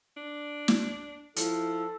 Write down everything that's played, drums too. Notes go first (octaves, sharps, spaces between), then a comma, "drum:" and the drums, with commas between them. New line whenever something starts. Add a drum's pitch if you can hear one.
D4
drum: snare
F3 E4 A4, drum: hi-hat